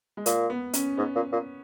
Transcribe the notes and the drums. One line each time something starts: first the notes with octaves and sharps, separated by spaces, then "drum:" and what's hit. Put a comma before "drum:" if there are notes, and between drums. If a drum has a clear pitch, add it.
G#3
A#2 A#3, drum: hi-hat
B3
C#4, drum: hi-hat
G#2 B3
A#2
A#2